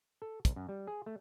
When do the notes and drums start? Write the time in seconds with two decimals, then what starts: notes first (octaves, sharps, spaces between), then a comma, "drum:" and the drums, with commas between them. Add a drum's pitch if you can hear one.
0.22 A4
0.45 C2, drum: kick, hi-hat
0.56 F#2
0.69 G3
0.87 G#4
1.06 A3